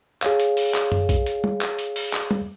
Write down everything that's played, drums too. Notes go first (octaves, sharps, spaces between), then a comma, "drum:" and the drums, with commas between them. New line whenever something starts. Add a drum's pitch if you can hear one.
G#4 C#5 F5, drum: clap
drum: hi-hat
drum: open hi-hat
drum: clap
drum: tom F#2
drum: kick, hi-hat
drum: hi-hat
drum: tom
drum: clap
drum: hi-hat
drum: open hi-hat
drum: clap
drum: tom